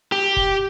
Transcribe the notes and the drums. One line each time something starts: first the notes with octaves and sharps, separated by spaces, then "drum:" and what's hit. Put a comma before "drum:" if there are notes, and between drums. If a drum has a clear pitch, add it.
G4
drum: kick F1